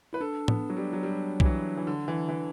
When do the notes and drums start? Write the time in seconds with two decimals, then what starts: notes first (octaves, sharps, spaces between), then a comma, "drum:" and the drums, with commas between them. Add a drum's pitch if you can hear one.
0.13 E4 B4
0.20 D4 A4
0.48 B3, drum: tom A2
0.70 F#3
0.77 G3
0.93 F#3
1.03 G3
1.40 E3, drum: kick B1
1.45 F#3
1.77 E3
1.87 D3
2.08 E3
2.29 E3